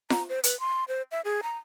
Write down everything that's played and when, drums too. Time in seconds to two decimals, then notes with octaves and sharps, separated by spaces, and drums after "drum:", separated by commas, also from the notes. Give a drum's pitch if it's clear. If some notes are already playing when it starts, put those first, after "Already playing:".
0.10 A#5, drum: snare F4
0.29 C5
0.43 B4, drum: hi-hat
0.60 C6
0.88 C5
1.11 E5
1.25 G#4
1.43 A#5